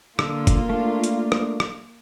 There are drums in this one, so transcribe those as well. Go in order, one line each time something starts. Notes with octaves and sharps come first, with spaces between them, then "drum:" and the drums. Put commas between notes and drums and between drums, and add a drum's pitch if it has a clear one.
D3 A#3 F4 E6, drum: rim click
drum: kick, hi-hat
A3 D4
drum: hi-hat
drum: rim click
drum: rim click